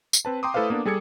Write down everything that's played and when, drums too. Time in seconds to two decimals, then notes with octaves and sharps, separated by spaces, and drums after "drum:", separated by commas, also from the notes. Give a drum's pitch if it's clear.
0.13 drum: tambourine
0.25 C4 B4 A5
0.43 G5 A#5 C6 D6 D#6
0.54 A3 E4 A4 B4 C5 F5
0.70 A#3 B3 D4 A4
0.85 G3 G#4 A4 G#6 C#7